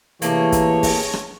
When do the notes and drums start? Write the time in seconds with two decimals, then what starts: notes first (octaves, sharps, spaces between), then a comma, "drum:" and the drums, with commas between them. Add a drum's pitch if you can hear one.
0.22 C3 E3 A3 A#3 G#4 C#5, drum: hi-hat
0.52 drum: kick, hi-hat
0.83 drum: kick, open hi-hat
1.13 drum: rim click